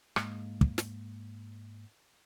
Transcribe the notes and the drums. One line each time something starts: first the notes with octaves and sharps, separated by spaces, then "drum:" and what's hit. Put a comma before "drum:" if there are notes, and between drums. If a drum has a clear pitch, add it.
G#2 G#3 A#3, drum: rim click
drum: kick
drum: snare